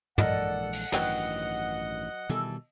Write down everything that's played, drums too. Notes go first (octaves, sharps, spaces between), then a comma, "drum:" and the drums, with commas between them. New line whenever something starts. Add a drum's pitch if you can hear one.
A#1 E3 G#3 A4 A#4 D5 D#5 F#5, drum: tom
drum: open hi-hat
A1 G2 D#3 F#3 B4 D#5 G5, drum: snare
B2 D#3 E3 G3 A4